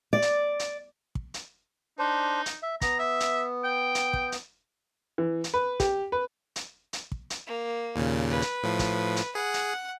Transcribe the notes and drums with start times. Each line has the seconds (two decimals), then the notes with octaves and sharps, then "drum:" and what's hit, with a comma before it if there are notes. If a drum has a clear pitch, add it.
0.13 D5
0.22 drum: hi-hat
0.59 drum: hi-hat
1.15 drum: kick
1.34 drum: hi-hat
1.99 D4 D#4 C5
2.46 drum: hi-hat
2.63 E5
2.81 B3 A#5, drum: kick, hi-hat
2.99 E5
3.20 drum: hi-hat
3.64 G5
3.95 drum: hi-hat
4.13 drum: kick
4.32 drum: hi-hat
5.18 E3
5.44 drum: hi-hat
5.54 B4
5.80 G4, drum: kick, hi-hat
6.12 B4
6.56 drum: hi-hat
6.93 drum: hi-hat
7.12 drum: kick
7.30 drum: hi-hat
7.47 A#3
7.96 D#2 A#2 C#3
8.30 B4
8.42 drum: hi-hat
8.63 A2 F3
8.79 drum: kick, hi-hat
9.17 drum: hi-hat
9.35 G#4 F#5
9.54 drum: hi-hat